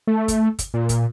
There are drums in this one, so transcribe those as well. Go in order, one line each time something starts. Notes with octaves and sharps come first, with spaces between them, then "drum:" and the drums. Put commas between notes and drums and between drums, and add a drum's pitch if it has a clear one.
A3
drum: kick, hi-hat
drum: kick, hi-hat
A#2
drum: kick, hi-hat